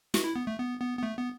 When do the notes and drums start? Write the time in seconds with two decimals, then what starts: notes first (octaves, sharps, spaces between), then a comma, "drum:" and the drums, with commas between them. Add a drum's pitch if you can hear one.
0.14 F#4, drum: snare
0.24 E4
0.36 B3
0.47 A3
0.59 B3
0.80 B3
0.98 B3
1.03 A3
1.18 B3